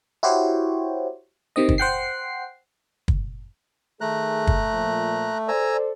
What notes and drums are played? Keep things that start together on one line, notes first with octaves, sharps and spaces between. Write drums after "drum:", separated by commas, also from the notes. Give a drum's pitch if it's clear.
E4 F#4 G4 C5 C#5
C3 D#3 C4 D#5
drum: kick
C5 F#5 G5 C7
drum: kick
D#3 A3 G#4 A#5 F#6
drum: kick
A#2 F3
A4 C5 D5 G#5 A#5 E6